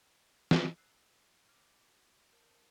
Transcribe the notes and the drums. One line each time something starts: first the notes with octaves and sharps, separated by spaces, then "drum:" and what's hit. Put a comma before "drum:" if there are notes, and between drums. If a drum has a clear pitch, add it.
drum: snare
E6 F#6 C7
D6 F6 A#6
F#4
A#4 C5 A5 G6